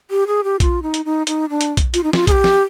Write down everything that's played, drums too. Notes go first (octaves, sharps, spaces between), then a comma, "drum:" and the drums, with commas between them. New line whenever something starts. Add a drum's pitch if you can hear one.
G4
G#4
G4
F4, drum: kick A#1, hi-hat
D#4
drum: hi-hat
D#4
D#4, drum: hi-hat
D4
drum: hi-hat
drum: kick A#1, hi-hat
F4, drum: hi-hat
D#4
F4, drum: snare
G#4, drum: kick A#1, hi-hat
G4
drum: snare